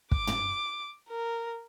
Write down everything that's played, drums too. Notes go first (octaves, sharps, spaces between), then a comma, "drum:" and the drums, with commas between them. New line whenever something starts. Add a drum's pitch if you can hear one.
D6, drum: kick
drum: tom
A#4